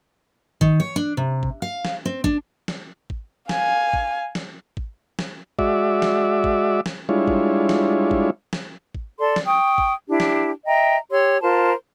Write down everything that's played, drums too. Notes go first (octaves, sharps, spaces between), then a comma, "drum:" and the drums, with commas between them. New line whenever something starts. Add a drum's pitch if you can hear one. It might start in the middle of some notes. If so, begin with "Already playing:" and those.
D#3, drum: kick G#1
C#5
D4
C3
drum: kick G#1
F5
drum: snare
C4
D4, drum: kick G#1
drum: snare
drum: kick G#1
F5 G#5, drum: snare
drum: kick G#1
drum: snare
drum: kick G#1
drum: snare
G#3 F#4 D5 E5, drum: kick G#1
drum: snare
drum: kick G#1
drum: snare
G3 G#3 D4 E4 F4 C#5
drum: kick G#1
drum: snare
drum: kick G#1
drum: snare
drum: kick G#1
A4 D5 C6
drum: snare
G5 C#6 D#6
drum: kick G#1
D4 E4 G4
drum: snare
D#5 E5 G5 A#5
G4 C#5 C6 E6
F4 A#4 C5 A5